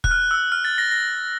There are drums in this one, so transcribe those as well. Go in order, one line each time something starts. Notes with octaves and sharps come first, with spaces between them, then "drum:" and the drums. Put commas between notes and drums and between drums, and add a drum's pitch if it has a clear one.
F#6, drum: kick
F6
E6
F6
A6
A#6
A#6